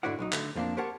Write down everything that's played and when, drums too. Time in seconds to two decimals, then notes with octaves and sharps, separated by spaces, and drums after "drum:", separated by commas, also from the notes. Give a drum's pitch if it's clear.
0.03 G#2 D3 E4 F#4 D5 F#5
0.19 B1 F#3 D#4
0.32 D3 A3, drum: clap
0.55 F2 F3 A#3 C4 D4
0.77 G4 A#4 C5 C#5 F#5 A5